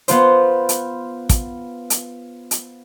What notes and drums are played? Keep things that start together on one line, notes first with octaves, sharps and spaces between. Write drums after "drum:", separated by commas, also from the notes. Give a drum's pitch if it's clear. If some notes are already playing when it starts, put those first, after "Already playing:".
B3 F4 C5, drum: hi-hat
drum: hi-hat
drum: kick, hi-hat
drum: hi-hat
drum: hi-hat